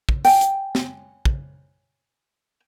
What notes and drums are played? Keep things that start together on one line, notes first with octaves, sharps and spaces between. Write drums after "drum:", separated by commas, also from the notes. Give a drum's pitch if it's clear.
drum: kick
G5 G#5, drum: open hi-hat
drum: hi-hat
drum: snare
drum: kick